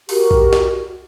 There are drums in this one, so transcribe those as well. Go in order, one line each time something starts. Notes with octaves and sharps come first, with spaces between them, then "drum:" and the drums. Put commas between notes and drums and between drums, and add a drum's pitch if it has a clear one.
F#4 G4 A#4, drum: open hi-hat
drum: kick
drum: snare